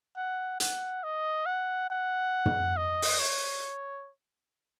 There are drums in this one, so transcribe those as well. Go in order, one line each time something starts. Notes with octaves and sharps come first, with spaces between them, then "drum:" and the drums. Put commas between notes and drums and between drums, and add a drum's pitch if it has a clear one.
F#5
F#5, drum: hi-hat
D#5
F#5
F#5
drum: tom
D#5
drum: open hi-hat
C#5